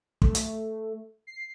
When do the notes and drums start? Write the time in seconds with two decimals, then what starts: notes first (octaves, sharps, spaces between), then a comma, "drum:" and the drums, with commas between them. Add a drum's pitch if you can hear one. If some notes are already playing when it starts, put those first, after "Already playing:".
0.22 A3, drum: kick
0.35 drum: hi-hat
1.27 C7